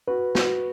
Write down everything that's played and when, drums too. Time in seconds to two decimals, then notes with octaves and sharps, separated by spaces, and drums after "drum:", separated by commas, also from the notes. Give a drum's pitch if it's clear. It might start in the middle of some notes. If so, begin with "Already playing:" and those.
0.08 F#4 B4
0.35 F#4, drum: snare